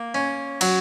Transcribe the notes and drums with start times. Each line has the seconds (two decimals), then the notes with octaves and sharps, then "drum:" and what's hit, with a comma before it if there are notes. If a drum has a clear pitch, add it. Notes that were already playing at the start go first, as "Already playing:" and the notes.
Already playing: A#3
0.15 C#4
0.61 F#3, drum: cymbal